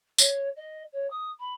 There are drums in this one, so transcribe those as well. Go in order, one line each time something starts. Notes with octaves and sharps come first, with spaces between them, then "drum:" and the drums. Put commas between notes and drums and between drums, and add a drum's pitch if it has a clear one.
C#5, drum: tambourine
D#5
C#5
D#6
B5